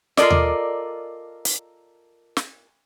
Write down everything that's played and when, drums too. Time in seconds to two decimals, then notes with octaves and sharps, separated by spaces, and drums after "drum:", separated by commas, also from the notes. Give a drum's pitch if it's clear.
0.17 F4 A4 A#4 D5 D#5, drum: snare
0.30 drum: tom D#2
1.45 drum: hi-hat
2.37 drum: snare